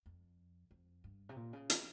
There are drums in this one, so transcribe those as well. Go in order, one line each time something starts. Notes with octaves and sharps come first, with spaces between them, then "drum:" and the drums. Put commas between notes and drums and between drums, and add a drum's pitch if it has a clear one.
F2
F2
G2
C3
A#2
C#3
E3, drum: hi-hat